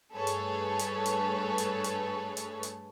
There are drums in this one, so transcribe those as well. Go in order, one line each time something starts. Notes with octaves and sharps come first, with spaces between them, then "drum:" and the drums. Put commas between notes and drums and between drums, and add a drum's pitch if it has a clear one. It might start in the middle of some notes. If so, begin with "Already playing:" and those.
G2 A3 G#4 A4 B4 C#5
drum: hi-hat
drum: hi-hat
drum: hi-hat
drum: hi-hat
drum: hi-hat
drum: hi-hat
drum: hi-hat